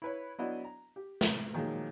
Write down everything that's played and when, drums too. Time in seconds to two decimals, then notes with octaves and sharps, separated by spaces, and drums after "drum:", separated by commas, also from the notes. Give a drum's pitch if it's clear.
0.02 E4 B4 C#5
0.38 F#3 B3 D4 E4 F#4 D#5
0.64 A#5
0.96 G4
1.21 drum: snare
1.54 A#2 D#3 F3 F#3 G#3 A#3